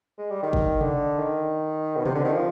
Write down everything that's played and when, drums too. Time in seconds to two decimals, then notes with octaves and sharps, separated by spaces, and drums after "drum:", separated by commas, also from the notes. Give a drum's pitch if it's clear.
0.18 G#3
0.30 G3
0.43 D#3
0.53 drum: kick
0.81 D3, drum: tom C3
1.19 D#3
1.97 B2
2.05 C3, drum: tom C3
2.15 D3
2.24 D#3
2.33 F3